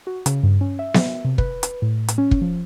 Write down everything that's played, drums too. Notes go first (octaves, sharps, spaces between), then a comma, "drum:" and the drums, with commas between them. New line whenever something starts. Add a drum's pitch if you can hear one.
F#4
C#3, drum: hi-hat
G2
C#4
E5
drum: snare B3
C3
B4, drum: kick
drum: hi-hat
A2
drum: hi-hat
C#4
drum: kick
F3